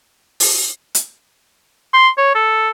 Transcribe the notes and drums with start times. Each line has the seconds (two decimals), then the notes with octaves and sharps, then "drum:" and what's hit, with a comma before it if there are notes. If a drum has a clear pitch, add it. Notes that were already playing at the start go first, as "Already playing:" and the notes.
0.40 drum: open hi-hat
0.95 drum: hi-hat
1.93 C6
2.17 C#5
2.35 A4